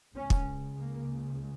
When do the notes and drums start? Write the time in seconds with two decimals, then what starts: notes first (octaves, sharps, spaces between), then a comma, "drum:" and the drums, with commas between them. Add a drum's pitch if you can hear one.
0.14 C#2 C#3 C#4
0.30 drum: kick
0.78 A#3